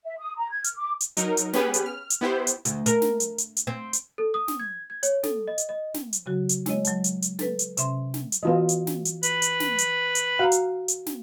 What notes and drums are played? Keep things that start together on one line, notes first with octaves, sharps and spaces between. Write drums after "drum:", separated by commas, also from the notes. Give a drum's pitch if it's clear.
E5
D#6
A#5
G#6
F6, drum: hi-hat
D6
drum: hi-hat
F#3 D#4 A#4, drum: hi-hat
drum: hi-hat
B3 C#4 G4 G#4 B4, drum: snare
drum: hi-hat
F6
drum: hi-hat
B3 E4 G4 C5
drum: hi-hat
D2, drum: hi-hat
A#4, drum: hi-hat
drum: snare
drum: hi-hat
drum: hi-hat
drum: hi-hat
C4
drum: hi-hat
A4
D#6
drum: snare
G#6
G#6
C#5, drum: hi-hat
A4, drum: snare
D#5
drum: hi-hat
D#5
drum: snare
drum: hi-hat
C#3 F#3 F#4
drum: hi-hat
G#3 E4 C#5 D#5, drum: snare
F#3 A5, drum: hi-hat
drum: hi-hat
drum: hi-hat
A4 B4, drum: snare
drum: hi-hat
C3 C#4 E5 C6, drum: hi-hat
drum: snare
drum: hi-hat
E3 B3 F4 F#4 D#5
drum: hi-hat
drum: snare
drum: hi-hat
B4 B5, drum: hi-hat
drum: hi-hat
drum: snare
drum: hi-hat
drum: hi-hat
F#4 F5 F#5 A#5
drum: hi-hat
drum: hi-hat
drum: snare